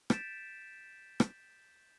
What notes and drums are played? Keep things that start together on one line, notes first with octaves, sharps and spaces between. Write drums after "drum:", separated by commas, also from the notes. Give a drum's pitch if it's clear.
G6 A6 B6 D7 E7, drum: rim click
drum: rim click